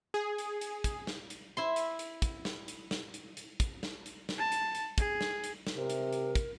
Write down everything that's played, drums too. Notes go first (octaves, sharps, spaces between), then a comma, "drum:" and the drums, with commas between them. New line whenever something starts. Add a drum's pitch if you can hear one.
G#4
drum: hi-hat
drum: hi-hat
drum: kick, hi-hat
drum: snare
drum: hi-hat
E4 E5 C6
drum: hi-hat
drum: hi-hat
drum: kick, hi-hat
drum: snare
drum: hi-hat
drum: snare
drum: hi-hat
drum: hi-hat
drum: kick, hi-hat
drum: snare
drum: hi-hat
drum: snare
A5
drum: hi-hat
drum: hi-hat
G#4, drum: kick, hi-hat
drum: snare
drum: hi-hat
drum: snare
C3 A#4
drum: hi-hat
drum: hi-hat
drum: kick, hi-hat